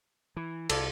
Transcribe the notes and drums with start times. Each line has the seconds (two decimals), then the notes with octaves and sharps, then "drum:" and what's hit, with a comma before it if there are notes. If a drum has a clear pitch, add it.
0.36 E3
0.69 C2 A4 D5 F5, drum: cymbal